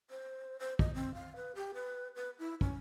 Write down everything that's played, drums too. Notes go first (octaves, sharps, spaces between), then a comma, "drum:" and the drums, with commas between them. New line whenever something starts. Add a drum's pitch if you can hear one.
C5
C5
D#5, drum: kick
C4
F5
B4
G4
B4
B4
E4
C#4, drum: kick